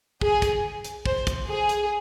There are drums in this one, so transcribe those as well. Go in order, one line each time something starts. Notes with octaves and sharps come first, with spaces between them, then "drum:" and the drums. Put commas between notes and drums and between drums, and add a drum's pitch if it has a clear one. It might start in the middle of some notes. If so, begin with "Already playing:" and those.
G#4, drum: kick
drum: kick, hi-hat
drum: hi-hat
C5, drum: kick
drum: kick, hi-hat
G#4
drum: hi-hat